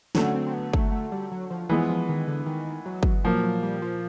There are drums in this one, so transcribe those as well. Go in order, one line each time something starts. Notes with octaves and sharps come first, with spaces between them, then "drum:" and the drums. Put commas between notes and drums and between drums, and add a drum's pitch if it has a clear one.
D3 F#3 A3 C#4, drum: snare
C4
C4
B3
A3, drum: kick
A3
G3
F#3
F3
E3 F3 G#3 B3
F3
D#3
D3
D#3
F#3
drum: kick
A#2 F3 F#3 A#3
F#3
G3
F3